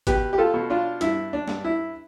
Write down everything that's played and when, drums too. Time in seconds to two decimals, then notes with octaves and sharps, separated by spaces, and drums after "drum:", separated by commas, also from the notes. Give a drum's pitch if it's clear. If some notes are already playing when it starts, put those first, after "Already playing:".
0.07 B2 G4 B4, drum: kick G#1, hi-hat
0.33 G4
0.38 F4 A4
0.54 B2
0.70 D4 F4
1.01 G2 E4, drum: hi-hat
1.33 D4
1.48 G2, drum: snare
1.64 E4